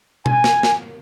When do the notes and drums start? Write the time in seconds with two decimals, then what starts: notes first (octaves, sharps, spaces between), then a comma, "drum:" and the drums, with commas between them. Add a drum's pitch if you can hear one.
0.26 G#5, drum: tom B2
0.44 drum: snare
0.63 drum: snare